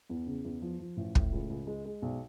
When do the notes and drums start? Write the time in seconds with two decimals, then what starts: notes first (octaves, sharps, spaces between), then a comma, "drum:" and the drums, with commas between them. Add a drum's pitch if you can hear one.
0.09 E2
0.27 C#3
0.45 E2
0.62 F3
0.79 F3
0.97 A1
1.15 A2, drum: kick
1.32 C#2
1.50 C#2
1.67 G#3
1.85 G#3
2.02 B1